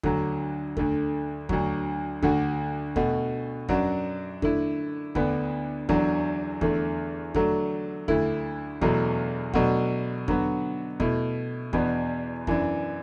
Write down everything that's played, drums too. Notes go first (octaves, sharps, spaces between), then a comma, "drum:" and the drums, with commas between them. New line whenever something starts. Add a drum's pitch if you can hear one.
D2 D3 F#3, drum: kick E2
D2 D3 A3, drum: kick E2
D2 D3 F#3, drum: kick E2
D2 D3 A3 F#4, drum: kick E2
B2 A3 F#4, drum: kick E2
F#2 F#3 D4 F#4, drum: kick E2
D3 A3 E4, drum: kick E2
D2 D3 B3 D4, drum: kick E2
E2 D3 F#3 D4 F#4, drum: kick E2
E2 D3 A3, drum: kick E2
D3 F#3 A3 D4, drum: kick E2
D2 D3 A3 E4, drum: kick E2
E2 B2 F#3 A3, drum: kick E2
B2 F#3 A3 D4 F#4, drum: kick E2
D3 F#3 B3 F#4, drum: kick E2
B2 A3 E4, drum: kick E2
E2 B2 B3 D4, drum: kick E2
F#2 E3 D4, drum: kick E2